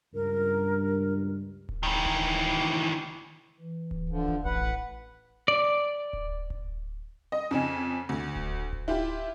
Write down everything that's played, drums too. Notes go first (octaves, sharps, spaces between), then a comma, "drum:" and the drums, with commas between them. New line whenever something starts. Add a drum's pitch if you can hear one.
C#2 G2 A#4
drum: kick D1
D#3 E3
drum: kick D1
E3
drum: kick D1
D3 F3
drum: kick D1
A1 B4 F#5
D5
drum: kick D1
drum: kick D1
D#5
F2 C#3 G#5
D2
drum: kick D1
drum: kick D1
E4 F4 G4